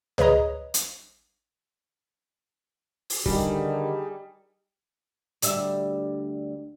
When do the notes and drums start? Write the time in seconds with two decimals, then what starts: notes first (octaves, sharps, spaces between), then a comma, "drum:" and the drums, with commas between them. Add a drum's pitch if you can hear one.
0.18 G#4 B4 C#5 D#5 A#5 D#6, drum: tom C#2
0.74 drum: hi-hat
3.10 drum: open hi-hat
3.26 D3 D#3 G3 D#4 G4 G#4, drum: kick
5.42 D2 G3 E5, drum: hi-hat